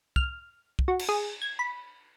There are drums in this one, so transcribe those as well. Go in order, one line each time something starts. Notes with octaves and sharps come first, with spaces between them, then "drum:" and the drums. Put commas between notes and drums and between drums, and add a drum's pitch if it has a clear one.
F6, drum: kick
drum: kick
F#4
drum: cymbal
G#4
G#6
B5